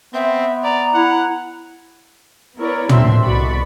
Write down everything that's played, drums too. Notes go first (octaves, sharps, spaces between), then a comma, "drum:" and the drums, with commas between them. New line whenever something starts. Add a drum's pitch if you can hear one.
B3 C4 E5
D5 A#5
E4 F#5
B3 E4 A#4 B4 C#5 D5
D#2 D3 C4 E5 C6, drum: tom
C2 B2 F#4 D5 B5 C#6